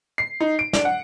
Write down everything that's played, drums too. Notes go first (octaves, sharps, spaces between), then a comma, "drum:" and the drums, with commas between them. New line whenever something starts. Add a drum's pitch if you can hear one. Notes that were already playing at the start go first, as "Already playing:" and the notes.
C7
D#4
D7
D4, drum: snare
F#5